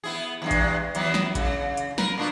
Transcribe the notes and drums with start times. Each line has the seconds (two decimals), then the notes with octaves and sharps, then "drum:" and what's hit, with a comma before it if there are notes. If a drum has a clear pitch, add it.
0.04 B3 E4 G#4
0.42 E2 G2 G#3
0.51 drum: kick A1, hi-hat
0.95 E3 F#3 B3, drum: hi-hat
1.14 drum: snare
1.35 C#3, drum: kick A1, hi-hat
1.77 drum: hi-hat
1.98 A#4 B4, drum: snare
2.17 B2 D4 F4